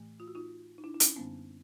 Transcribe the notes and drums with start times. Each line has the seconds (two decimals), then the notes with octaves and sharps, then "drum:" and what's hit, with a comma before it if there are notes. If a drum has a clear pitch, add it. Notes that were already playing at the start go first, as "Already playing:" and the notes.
Already playing: A2 E3 A3
0.20 F4
0.28 F#4
0.35 D#4 F4
0.78 D#4
0.84 D4 E4
0.94 E4
1.00 C#4 D#4, drum: hi-hat
1.16 F#2 D3 G3 A#3 B3 C#4